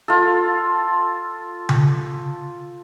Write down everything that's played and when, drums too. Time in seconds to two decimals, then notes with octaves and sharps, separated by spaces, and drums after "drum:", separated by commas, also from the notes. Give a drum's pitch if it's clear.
0.08 F4 A4
1.69 drum: tom C#3